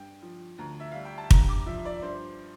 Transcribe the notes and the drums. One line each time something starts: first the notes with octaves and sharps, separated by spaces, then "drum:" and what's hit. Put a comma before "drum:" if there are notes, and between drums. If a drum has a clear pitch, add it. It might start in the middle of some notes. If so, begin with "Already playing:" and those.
Already playing: G2 G5
F3
D2 A#5
E5
G3 F5
G5
A5
G2 A#5, drum: kick
D6
F3 E5
D5
G2 C5